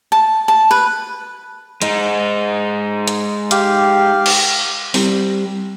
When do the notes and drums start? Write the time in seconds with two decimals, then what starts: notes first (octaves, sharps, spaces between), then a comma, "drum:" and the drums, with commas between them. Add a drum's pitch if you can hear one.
0.12 A5
0.48 A5
0.71 B4
1.82 G#3 D#4, drum: hi-hat
3.08 drum: hi-hat
3.51 G4 F5, drum: hi-hat
4.26 drum: cymbal
4.94 G3 C4, drum: open hi-hat